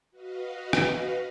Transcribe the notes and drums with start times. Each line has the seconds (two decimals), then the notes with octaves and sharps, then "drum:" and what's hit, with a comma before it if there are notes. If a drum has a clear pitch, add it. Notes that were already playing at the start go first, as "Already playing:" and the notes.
0.11 F#4 B4 D#5 F5
0.73 drum: rim click